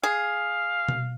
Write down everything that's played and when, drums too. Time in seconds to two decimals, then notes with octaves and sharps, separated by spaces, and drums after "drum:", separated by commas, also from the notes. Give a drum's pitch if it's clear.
0.03 G#4 F5
0.89 drum: tom B2